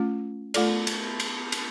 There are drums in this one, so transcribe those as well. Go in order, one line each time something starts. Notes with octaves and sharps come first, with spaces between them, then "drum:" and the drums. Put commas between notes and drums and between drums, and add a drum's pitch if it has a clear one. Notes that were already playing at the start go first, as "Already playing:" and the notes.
Already playing: A3 C#4 F4
A3 F4 A4 D5, drum: cymbal
drum: cymbal
drum: cymbal
drum: cymbal